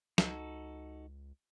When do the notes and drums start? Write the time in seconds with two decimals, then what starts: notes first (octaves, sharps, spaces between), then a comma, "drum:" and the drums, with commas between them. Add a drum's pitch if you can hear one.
0.18 C#2 D#4 F#4 A4, drum: snare